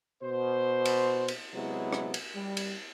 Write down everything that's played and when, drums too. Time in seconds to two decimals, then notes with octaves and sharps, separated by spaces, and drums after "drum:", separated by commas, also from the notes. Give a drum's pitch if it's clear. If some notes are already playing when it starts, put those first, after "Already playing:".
0.23 B2 C5
0.85 drum: cymbal
1.28 drum: cymbal
1.54 C3 F#3 G#3 B3 E4
1.93 drum: rim click
2.14 drum: cymbal
2.35 G3
2.57 drum: cymbal